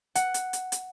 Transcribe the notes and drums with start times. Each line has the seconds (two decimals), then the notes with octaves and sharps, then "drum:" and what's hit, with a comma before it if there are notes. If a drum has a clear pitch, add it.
0.15 F#5, drum: hi-hat
0.34 drum: hi-hat
0.53 drum: hi-hat
0.72 drum: hi-hat